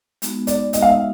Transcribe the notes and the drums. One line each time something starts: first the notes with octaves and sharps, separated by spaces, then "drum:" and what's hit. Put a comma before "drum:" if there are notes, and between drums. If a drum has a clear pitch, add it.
G#3 B3 D#4 F#4, drum: hi-hat
D5, drum: hi-hat
G#3 B3 D#4 F#4 D#5, drum: hi-hat
F5
E5